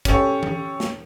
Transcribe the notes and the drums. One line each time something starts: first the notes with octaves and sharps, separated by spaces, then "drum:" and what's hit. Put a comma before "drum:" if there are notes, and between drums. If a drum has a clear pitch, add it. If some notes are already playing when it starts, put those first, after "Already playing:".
C#4 G4 A4 C#5, drum: kick, hi-hat
drum: tom E3
drum: snare